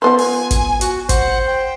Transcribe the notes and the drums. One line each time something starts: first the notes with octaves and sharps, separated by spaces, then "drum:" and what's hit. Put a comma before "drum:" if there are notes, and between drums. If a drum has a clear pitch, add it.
F3 B3 B4 C6
G#5, drum: open hi-hat
drum: kick, hi-hat
F#4, drum: hi-hat
C5 F#5, drum: kick, hi-hat
G5